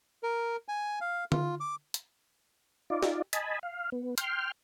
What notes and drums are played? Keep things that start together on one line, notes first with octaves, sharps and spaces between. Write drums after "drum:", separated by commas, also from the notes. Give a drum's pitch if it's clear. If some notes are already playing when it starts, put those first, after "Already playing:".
A#4
G#5
F5
F4, drum: tom D3
D6
drum: hi-hat
D#4 F4 D5
drum: snare
D#5 G#5 A5 B5, drum: hi-hat
F5
B3
G5 C6 F6, drum: hi-hat